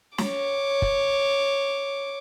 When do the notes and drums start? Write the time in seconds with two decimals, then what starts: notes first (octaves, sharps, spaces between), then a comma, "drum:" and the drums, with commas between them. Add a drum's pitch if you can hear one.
0.18 C#5 D6, drum: snare
0.82 drum: kick